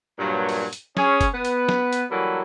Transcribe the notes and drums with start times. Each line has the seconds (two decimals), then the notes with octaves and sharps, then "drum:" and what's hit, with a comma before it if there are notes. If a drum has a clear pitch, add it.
0.19 G2 A#2 F#3
0.49 drum: open hi-hat
0.73 drum: hi-hat
0.97 C#4 G#4, drum: snare
1.21 drum: kick, hi-hat
1.32 B3 B4
1.45 drum: hi-hat
1.69 drum: snare
1.93 drum: hi-hat
2.11 E3 F#3 G3 A#3 A4 B4